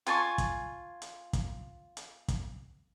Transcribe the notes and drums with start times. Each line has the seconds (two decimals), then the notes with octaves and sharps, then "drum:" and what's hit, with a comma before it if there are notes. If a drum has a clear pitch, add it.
0.07 F4 G#5 A5 C#6, drum: hi-hat
0.38 drum: kick, hi-hat
1.02 drum: hi-hat
1.33 drum: kick, hi-hat
1.97 drum: hi-hat
2.28 drum: kick, hi-hat